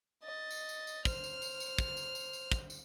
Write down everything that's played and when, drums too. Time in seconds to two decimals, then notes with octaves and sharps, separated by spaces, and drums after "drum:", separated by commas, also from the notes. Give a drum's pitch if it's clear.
0.23 D#5 A6
0.51 drum: tambourine
0.69 drum: tambourine
0.87 drum: tambourine
1.05 C5 F6, drum: kick, tambourine
1.24 drum: tambourine
1.42 drum: tambourine
1.60 drum: tambourine
1.78 drum: kick, tambourine
1.97 drum: tambourine
2.15 drum: tambourine
2.33 drum: tambourine
2.52 drum: kick, tambourine
2.70 drum: tambourine